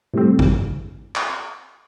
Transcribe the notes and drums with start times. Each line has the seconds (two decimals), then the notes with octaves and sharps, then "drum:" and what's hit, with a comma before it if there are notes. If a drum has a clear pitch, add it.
0.13 A2 C3 E3 G3 A3 C4
0.39 drum: kick G#1
1.16 drum: clap